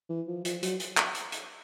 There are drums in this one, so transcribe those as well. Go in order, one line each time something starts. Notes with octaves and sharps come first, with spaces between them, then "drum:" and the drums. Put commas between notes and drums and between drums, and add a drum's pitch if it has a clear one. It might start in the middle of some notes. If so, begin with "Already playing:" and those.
E3
F3
F3, drum: hi-hat
F#3, drum: hi-hat
drum: hi-hat
drum: clap
drum: hi-hat
drum: hi-hat